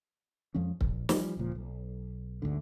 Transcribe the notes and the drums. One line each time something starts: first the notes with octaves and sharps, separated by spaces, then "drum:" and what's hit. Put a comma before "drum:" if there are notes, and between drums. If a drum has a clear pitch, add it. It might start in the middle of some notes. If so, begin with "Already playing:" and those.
F2 F3 G#3 C#4
A#1, drum: kick C#1
E3 F3 G3, drum: snare
D#1 C#2 A#2 F3
B1
G1 D2 G#2 D3